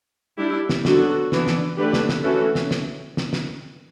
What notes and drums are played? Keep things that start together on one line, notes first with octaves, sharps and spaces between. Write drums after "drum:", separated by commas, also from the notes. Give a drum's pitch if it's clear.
G3 D4 E4 G4
drum: snare
D3 F#3 B3 D4 F#4 A4, drum: snare
E3 B3 D4, drum: snare
drum: snare
D3 A3 D4 G4 B4
drum: snare
drum: snare
E3 A3 C#4 F#4 A4
drum: snare
drum: snare
drum: snare
drum: snare